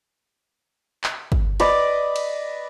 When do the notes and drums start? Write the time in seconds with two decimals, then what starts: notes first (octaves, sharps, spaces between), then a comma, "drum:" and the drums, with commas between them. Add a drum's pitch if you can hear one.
1.04 drum: clap
1.32 drum: kick
1.60 B4 D5 D#5 D6, drum: cymbal
2.16 drum: cymbal